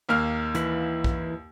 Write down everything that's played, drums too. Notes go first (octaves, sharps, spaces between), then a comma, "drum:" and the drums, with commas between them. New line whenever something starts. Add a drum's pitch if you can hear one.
D#2 A#3 F6
E3 E4 B4, drum: hi-hat
drum: kick